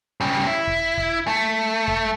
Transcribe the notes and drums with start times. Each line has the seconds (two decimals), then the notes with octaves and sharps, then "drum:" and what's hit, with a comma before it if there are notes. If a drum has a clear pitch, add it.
0.21 C#3 G3
0.47 E4
0.67 drum: kick
0.97 drum: kick
1.28 A3
1.88 drum: kick